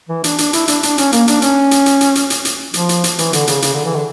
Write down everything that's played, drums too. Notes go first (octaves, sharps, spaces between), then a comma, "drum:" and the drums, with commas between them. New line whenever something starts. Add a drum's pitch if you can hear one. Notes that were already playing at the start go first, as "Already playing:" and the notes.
E3
D4, drum: hi-hat
D4, drum: hi-hat
E4, drum: hi-hat
D4, drum: hi-hat
D4, drum: hi-hat
C#4, drum: hi-hat
A#3, drum: hi-hat
D4, drum: hi-hat
C#4, drum: hi-hat
drum: hi-hat
drum: hi-hat
drum: hi-hat
drum: hi-hat
drum: hi-hat
drum: hi-hat
F3, drum: hi-hat
drum: hi-hat
drum: hi-hat
E3, drum: hi-hat
D3, drum: hi-hat
C#3, drum: hi-hat
C#3, drum: hi-hat
D3
E3
D3